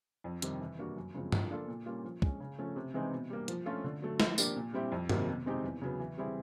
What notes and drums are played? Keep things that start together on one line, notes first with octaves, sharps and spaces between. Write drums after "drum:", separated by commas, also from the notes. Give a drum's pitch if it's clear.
F2
C3 D#3 G3 C4, drum: hi-hat
E3
G3 A#3 D4 F#4
F#2
C#3 F3 G#3 C4
F3, drum: tom
A#3 D4 F4 A4
A#2
G3 A#3 C#4 F4
F3
G#3 C#4, drum: kick
C#3
F3 A3 C#4
C3
E3 G#3 C4 D#4
B2
G3 A#3
F3, drum: hi-hat
A3 C#4 F4
D3
F#3 A3
F3, drum: snare
A#3 D4 G4, drum: tambourine
A#2
G3 C4 E4 G4
F2
C3 D#3 F#3 A#3, drum: tom
B2
G#3 C4 D#4 G4
E2
C#3 F#3 B3
E3
G3 C4 E4 G#4